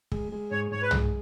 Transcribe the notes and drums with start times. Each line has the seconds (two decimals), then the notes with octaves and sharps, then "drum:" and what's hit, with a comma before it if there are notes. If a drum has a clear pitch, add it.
0.12 G#3, drum: kick
0.32 G#3
0.51 G#2 C#5
0.71 G#2 C#5
0.82 B4
0.91 G#3, drum: tom